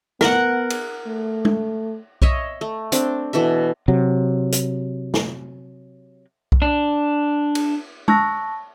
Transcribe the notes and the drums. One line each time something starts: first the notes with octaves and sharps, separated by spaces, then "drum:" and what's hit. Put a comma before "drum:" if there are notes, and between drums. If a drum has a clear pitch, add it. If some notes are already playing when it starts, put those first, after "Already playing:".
B3 A#4 F#5, drum: snare
drum: cymbal
A3
drum: tom G#3
C#5 D#5 E5, drum: kick B1
A3
C4 D4 D6, drum: hi-hat
B2 E3 A4 E5
C3 F#3
drum: hi-hat
drum: snare
drum: kick B1
D4
drum: cymbal
A5 C#6 E6 F#6 A#6, drum: tom G#3